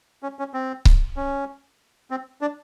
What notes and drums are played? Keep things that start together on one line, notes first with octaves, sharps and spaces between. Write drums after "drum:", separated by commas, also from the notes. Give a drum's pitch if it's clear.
C#4
C#4
C4
drum: kick C#1
C#4
C4
D4